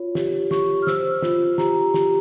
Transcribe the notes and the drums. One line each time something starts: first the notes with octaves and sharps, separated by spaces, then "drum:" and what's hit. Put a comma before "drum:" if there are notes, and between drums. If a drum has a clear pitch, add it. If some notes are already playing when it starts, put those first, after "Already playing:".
Already playing: F4 C#5
G4, drum: snare
G4 C#6, drum: snare
F6
C5 E6, drum: snare
F4, drum: snare
G4 A#5, drum: snare
G4, drum: snare